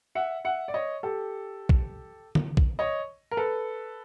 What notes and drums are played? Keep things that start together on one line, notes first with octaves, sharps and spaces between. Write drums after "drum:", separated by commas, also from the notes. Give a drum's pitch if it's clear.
E5 F#5
E5 F#5
D5
C#5 D#5
G4 A4
drum: kick
drum: tom D3
drum: kick
C#5 D#5
A#4
A4 B4